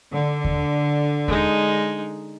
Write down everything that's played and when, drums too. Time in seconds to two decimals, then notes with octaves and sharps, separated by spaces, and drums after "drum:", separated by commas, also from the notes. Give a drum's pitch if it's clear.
0.12 D3
0.44 drum: kick D#2
1.28 G#3 D#4, drum: kick D#2